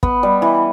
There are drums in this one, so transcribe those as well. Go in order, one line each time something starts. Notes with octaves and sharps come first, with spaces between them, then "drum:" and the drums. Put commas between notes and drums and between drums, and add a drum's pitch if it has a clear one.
B3, drum: kick
G3
E3